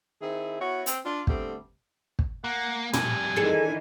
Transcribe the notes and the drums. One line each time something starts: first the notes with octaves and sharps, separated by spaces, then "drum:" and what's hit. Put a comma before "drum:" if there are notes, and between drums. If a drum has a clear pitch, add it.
D#3 C4 E4 G#4
B3 E4 F#4 C#5
C4, drum: hi-hat
D4 F4
D3 G3 A3 B3 C4, drum: kick
drum: kick
A#3 F#5
F2 G3 G#5, drum: tom
D#3 E3 D4 G#4 A4